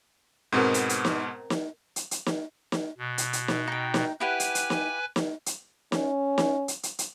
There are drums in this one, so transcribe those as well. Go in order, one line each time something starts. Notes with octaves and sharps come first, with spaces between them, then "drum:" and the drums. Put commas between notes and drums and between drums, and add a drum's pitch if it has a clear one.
G#2 B2 B3 C4 A#4
drum: hi-hat
drum: hi-hat
drum: snare
drum: snare
drum: hi-hat
drum: hi-hat
drum: snare
drum: snare
B2
drum: hi-hat
drum: hi-hat
drum: snare
D#4 G5
drum: snare
E4 G4 B4 F#5 G#5
drum: hi-hat
drum: hi-hat
drum: snare
drum: snare
drum: hi-hat
C#4, drum: snare
drum: snare
drum: hi-hat
drum: hi-hat
drum: hi-hat